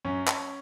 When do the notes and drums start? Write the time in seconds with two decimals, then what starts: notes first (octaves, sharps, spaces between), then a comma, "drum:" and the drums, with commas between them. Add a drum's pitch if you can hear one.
0.05 F#2 C#4
0.28 drum: clap